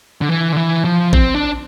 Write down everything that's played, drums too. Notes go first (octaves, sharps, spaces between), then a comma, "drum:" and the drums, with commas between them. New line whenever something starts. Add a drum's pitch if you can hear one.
D3
E3
D3
E3
F3
C4, drum: kick A1
D4